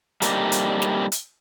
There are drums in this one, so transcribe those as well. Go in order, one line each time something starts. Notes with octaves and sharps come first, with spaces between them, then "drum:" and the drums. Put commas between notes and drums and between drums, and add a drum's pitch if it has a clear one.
G3 A3 A#3 C4 D4 D#4, drum: hi-hat
drum: hi-hat
drum: snare
drum: hi-hat